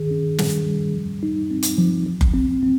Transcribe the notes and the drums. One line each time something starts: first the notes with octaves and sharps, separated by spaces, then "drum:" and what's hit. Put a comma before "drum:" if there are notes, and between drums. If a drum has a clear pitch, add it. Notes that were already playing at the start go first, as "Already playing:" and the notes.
Already playing: D#3 G#4
C#4
G3, drum: snare
G3
F3
D#4
C4
drum: hi-hat
F3
F3
drum: kick F#1
C4
C4